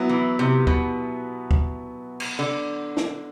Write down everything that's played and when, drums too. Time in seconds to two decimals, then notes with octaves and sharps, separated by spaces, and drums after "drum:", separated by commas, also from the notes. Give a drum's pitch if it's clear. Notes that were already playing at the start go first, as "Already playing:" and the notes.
Already playing: F#3 B3 E4
0.09 E3
0.39 C3
0.67 B2, drum: kick
1.51 drum: kick
2.20 drum: cymbal
2.39 D3
2.97 drum: snare